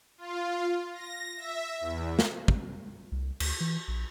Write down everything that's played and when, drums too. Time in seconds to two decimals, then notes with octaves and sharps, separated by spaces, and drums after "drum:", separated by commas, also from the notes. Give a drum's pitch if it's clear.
0.18 F4
0.93 A#6
1.37 E5
1.80 E2
2.19 drum: snare
2.48 drum: kick
3.12 C2
3.40 D2, drum: cymbal
3.60 E3
3.88 A#1